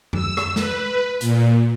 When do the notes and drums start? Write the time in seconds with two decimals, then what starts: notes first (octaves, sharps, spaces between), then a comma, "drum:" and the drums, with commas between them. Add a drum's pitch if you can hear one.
0.13 E6, drum: tom F#2
0.37 drum: rim click
0.56 B4, drum: snare
1.21 A#2, drum: hi-hat